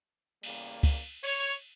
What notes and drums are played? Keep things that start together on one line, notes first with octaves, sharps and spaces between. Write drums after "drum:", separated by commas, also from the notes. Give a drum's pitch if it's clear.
E2 C#3 G3 A#3, drum: cymbal
drum: kick, cymbal
C#5, drum: cymbal